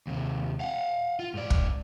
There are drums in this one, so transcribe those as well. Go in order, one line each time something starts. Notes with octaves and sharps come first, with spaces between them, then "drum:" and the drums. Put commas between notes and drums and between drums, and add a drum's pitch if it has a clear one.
D#2 C3
F5 F#5
F4
G#2 D5
drum: kick